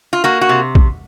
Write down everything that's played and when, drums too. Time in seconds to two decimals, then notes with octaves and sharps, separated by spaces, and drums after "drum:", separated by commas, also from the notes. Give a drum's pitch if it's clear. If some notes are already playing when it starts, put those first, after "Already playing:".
0.13 F4
0.24 A#3 F#4
0.41 F#4
0.49 C3
0.75 drum: kick